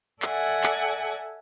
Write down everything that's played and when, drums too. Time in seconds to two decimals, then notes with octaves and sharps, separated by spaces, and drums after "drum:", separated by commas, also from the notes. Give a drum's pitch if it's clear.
0.22 A4 D5 E5 F#5 G#5, drum: clap
0.64 drum: clap
0.84 drum: hi-hat
1.05 drum: hi-hat